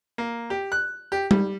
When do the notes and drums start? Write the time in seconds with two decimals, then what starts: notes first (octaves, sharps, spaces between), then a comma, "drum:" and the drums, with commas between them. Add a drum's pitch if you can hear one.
0.18 A#3
0.50 G4
0.72 F#6
1.12 G4
1.31 G3, drum: tom G3